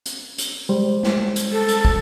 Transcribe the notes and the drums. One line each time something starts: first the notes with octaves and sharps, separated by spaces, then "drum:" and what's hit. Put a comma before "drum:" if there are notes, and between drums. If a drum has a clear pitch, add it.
drum: hi-hat
drum: hi-hat
G3 G#3 C5
drum: snare
drum: hi-hat
A4
drum: hi-hat
drum: kick